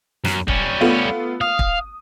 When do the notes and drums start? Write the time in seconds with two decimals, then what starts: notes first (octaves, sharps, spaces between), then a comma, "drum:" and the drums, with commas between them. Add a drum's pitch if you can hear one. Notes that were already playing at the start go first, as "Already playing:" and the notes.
0.25 F#2, drum: snare
0.48 G3 C#4, drum: kick
0.81 A3 B3 F4
1.41 F5 D#6
1.59 drum: kick